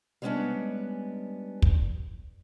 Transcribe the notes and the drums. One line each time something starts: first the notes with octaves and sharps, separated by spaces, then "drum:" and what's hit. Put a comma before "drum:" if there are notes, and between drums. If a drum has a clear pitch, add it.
G3 G#3 A#3 B3 C#4 D4
drum: kick